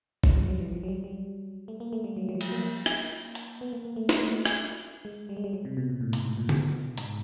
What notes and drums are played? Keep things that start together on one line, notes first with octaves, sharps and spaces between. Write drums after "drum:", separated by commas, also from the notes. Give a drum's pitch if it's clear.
F3, drum: kick
G3
F#3
E3
F3
F#3
G3
G3
A3
A#3
A3
G3
F#3
F#3
F3
F#3, drum: cymbal
A#3
drum: rim click
drum: hi-hat
B3
A#3
A#3
A3
A#3, drum: snare
A3
drum: rim click
G#3
G3
G#3
G3
F#3
C3
B2
A#2
A2
G#2, drum: hi-hat
A2
A#2
B2, drum: tom C#3
G#2, drum: hi-hat